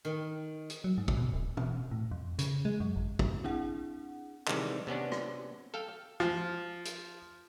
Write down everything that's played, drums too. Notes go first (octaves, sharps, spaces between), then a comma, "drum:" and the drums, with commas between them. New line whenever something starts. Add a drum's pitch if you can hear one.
D#3
drum: hi-hat
F#3
G#2
drum: kick
B2
D1
B2, drum: tom
A2
F2
C#3, drum: hi-hat
G#3
F#2
G#1
drum: kick
C4 D4 E4 G#4 F#5
C3 D#3 E3 G3 G#3, drum: clap
C3 B3 C#4 D4
drum: rim click
A4 F5 G5
F3
drum: hi-hat